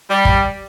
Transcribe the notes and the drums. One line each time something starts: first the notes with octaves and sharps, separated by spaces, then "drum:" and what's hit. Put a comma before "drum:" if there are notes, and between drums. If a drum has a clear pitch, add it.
G3
drum: kick